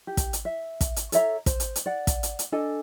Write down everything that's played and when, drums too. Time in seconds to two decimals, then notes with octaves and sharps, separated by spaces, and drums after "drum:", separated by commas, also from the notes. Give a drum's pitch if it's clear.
0.07 G4
0.17 drum: kick, hi-hat
0.33 drum: hi-hat
0.45 E5
0.81 drum: kick, hi-hat
0.96 drum: hi-hat
1.12 A4 C#5 E5 A#5, drum: hi-hat
1.46 C5, drum: kick, hi-hat
1.60 drum: hi-hat
1.76 drum: hi-hat
1.86 D5 F#5
2.07 drum: kick, hi-hat
2.23 drum: hi-hat
2.39 drum: hi-hat
2.52 D4 A4 D#5 G#5